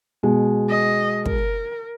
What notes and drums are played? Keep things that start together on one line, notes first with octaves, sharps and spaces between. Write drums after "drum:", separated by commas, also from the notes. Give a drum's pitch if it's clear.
B2 G#3
D#5
A#4, drum: kick